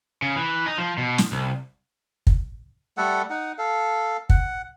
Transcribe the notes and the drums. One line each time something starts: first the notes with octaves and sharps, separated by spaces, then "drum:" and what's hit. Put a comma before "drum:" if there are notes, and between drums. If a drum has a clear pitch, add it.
C#3
E3
D#4
F3
B2
drum: snare
C2
drum: kick
G3 A3 A4 F#5
D#4 F#5
A4 F5
F#5, drum: kick